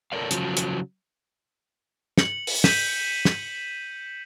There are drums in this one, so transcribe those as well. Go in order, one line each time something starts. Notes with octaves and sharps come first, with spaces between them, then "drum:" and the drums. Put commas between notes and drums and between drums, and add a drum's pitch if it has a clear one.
A4 A#4 C#5 D5 F5
C#3 F3 F#3, drum: hi-hat
drum: hi-hat
C#7 F#7, drum: snare
drum: open hi-hat
G6 B6 D#7 E7 F#7, drum: snare
drum: snare